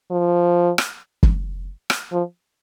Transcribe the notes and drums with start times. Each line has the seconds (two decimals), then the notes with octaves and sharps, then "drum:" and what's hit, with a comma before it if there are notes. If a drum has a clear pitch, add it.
0.11 F3
0.78 drum: rim click
1.23 drum: kick
1.90 drum: rim click
2.12 F3